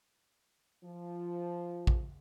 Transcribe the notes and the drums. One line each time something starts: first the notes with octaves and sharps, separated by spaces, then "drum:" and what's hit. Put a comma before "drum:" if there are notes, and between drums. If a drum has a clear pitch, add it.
F3
drum: kick A#1